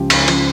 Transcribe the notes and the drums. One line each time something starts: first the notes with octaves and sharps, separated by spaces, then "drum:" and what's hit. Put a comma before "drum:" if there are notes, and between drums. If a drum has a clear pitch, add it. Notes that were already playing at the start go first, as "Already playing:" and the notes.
Already playing: C#2 C#3 F3 G4
C#2, drum: cymbal
C#3 F3, drum: cymbal